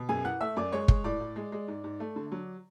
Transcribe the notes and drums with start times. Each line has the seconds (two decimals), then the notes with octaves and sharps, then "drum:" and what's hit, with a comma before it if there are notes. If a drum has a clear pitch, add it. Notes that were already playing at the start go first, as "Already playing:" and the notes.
Already playing: B2
0.09 F#2 G#4 G#5
0.24 E3 F#5 F#6
0.41 A3 E5 E6
0.57 F#2 D5 D6
0.72 G#3 C#5 C#6
0.88 G#3, drum: kick
1.04 A2 D5 D6
1.20 A2
1.36 G#3
1.52 G#3
1.68 G#2
1.84 G#2
2.00 A3
2.16 D3
2.32 F#3